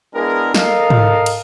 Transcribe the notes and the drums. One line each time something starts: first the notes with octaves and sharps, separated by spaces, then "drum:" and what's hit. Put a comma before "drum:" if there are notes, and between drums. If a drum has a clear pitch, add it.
G#3 B3 D4 E4 G#4 A#4
A4 A#4 D#5 F5, drum: snare
drum: tom G#2
drum: cymbal